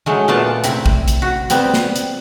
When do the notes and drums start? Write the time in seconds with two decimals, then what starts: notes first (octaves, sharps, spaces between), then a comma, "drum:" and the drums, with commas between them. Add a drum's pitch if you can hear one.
0.06 F#3 G#3 A3
0.28 A#2 A3 B3 F4 D5 A5
0.64 C3 C4 E4, drum: hi-hat
0.86 drum: kick A#1
1.08 drum: hi-hat
1.22 F#4
1.50 G3 B3 C4, drum: hi-hat
1.74 drum: snare
1.96 drum: hi-hat